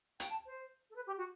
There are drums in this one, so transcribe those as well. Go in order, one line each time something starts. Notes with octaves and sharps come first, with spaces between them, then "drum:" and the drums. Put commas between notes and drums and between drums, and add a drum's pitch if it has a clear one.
G5, drum: hi-hat
A5
C5
A4
B4
G4
F#4